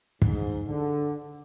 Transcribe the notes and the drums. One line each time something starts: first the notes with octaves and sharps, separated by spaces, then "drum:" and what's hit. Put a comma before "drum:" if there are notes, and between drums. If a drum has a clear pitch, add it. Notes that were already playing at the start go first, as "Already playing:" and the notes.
G#2, drum: kick
D3